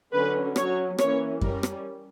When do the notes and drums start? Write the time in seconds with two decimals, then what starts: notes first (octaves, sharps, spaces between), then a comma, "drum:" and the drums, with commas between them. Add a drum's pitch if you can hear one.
0.13 D3 F#3 C#4 B4
0.56 F#3 C#4 C#5, drum: rim click
0.98 E3 A#3 C#4 C#5, drum: rim click
1.41 G3 C#4 A#4, drum: kick F#2
1.63 drum: rim click